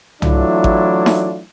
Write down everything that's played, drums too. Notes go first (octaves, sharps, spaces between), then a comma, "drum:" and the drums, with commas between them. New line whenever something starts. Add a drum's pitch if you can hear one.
E3 F#3 A3 D4 E4 F4, drum: tom
drum: kick G#1
drum: snare D#4